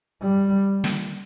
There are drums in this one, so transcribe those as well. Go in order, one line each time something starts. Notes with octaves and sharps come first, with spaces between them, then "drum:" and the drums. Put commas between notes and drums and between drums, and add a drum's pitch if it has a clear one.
G3
drum: snare